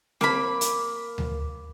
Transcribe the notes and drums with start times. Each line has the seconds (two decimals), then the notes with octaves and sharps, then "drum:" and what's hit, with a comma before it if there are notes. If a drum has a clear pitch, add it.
0.21 A#3 B5, drum: snare C4
0.61 drum: hi-hat
1.18 drum: tom D2